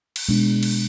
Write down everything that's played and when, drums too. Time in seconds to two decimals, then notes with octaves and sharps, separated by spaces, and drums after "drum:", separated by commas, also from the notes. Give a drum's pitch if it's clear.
0.16 drum: cymbal
0.29 B2 G#3 D4
0.63 drum: cymbal